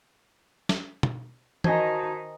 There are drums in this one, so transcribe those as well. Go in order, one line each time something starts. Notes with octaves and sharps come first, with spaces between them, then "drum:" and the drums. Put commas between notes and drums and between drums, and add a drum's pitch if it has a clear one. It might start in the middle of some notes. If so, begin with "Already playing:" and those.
drum: snare
drum: tom
D#3 D#4 F#4 C5 D#5 G#5 A5 G#6, drum: tom E3